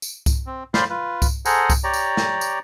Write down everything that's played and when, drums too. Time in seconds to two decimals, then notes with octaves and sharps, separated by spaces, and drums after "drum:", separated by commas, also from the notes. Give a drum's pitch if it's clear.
0.02 drum: tambourine
0.26 drum: kick C2, tambourine
0.46 C4
0.74 C5 D5 F5 B5 C6, drum: snare
0.90 F4 B4
1.22 drum: kick C2, tambourine
1.45 G#4 A4 C5 F#5 G#5 A#5, drum: tambourine
1.70 drum: kick C2, tambourine
1.84 G4 C#5 D5 A#5
1.93 drum: tambourine
2.17 drum: snare
2.41 drum: tambourine